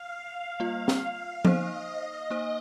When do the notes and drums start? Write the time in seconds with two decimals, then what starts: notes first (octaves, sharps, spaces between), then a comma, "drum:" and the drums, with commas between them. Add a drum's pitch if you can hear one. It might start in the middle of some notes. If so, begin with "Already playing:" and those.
Already playing: F5
0.60 G3 A#3 F4
0.88 drum: snare
1.45 A#3 D#4 C5 D#5, drum: tom F3
2.30 A#3 D#4 C5